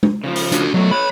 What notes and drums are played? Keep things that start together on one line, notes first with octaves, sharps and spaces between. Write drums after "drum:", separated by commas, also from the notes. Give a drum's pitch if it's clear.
drum: tom G#3
C#3 F3
drum: open hi-hat
D4 F#4, drum: hi-hat
B2 F#3 A3
B4 C#5 B5